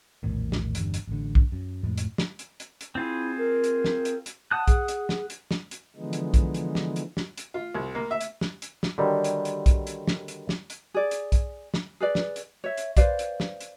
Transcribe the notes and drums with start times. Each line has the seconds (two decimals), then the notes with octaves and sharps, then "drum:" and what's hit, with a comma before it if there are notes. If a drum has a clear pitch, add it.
0.23 A#1 E2 A2 D#3
0.52 drum: snare
0.75 G1 E2 G2, drum: hi-hat
0.94 drum: hi-hat
1.07 A1 D3
1.35 drum: kick B1
1.52 F#2
1.83 F2 A2 F3 G#3
1.98 drum: hi-hat
2.18 drum: snare
2.39 drum: hi-hat
2.60 drum: hi-hat
2.81 drum: hi-hat
2.95 C4 E4 F4 G#4
3.38 A#4
3.64 drum: hi-hat
3.84 drum: snare
4.05 drum: hi-hat
4.26 drum: hi-hat
4.51 F#5 A5 D#6 F#6
4.68 G#4, drum: kick B1, hi-hat
4.88 drum: hi-hat
5.09 drum: snare
5.30 drum: hi-hat
5.51 drum: snare
5.71 drum: hi-hat
5.96 D3 E3 F3 G#3 B3 D#4
6.13 drum: hi-hat
6.34 drum: kick B1, hi-hat
6.54 drum: hi-hat
6.75 drum: snare
6.96 drum: hi-hat
7.17 drum: snare
7.38 drum: hi-hat
7.54 F4
7.74 C2
7.95 A#3
8.11 E5
8.21 drum: hi-hat
8.41 drum: snare
8.62 drum: hi-hat
8.83 drum: snare
8.98 D3 D#3 F#3 G3
9.24 drum: hi-hat
9.45 drum: hi-hat
9.66 drum: kick B1, hi-hat
9.87 drum: hi-hat
10.07 drum: snare
10.28 drum: hi-hat
10.49 drum: snare
10.70 drum: hi-hat
10.94 G#4 D5
11.11 drum: hi-hat
11.32 drum: kick B1, hi-hat
11.74 drum: snare
12.00 G#4 B4 D5
12.15 drum: snare
12.36 drum: hi-hat
12.64 C#5 E5
12.77 drum: hi-hat
12.97 B4 C5 D5 F5, drum: kick B1, hi-hat
13.19 drum: hi-hat
13.40 drum: snare
13.61 drum: hi-hat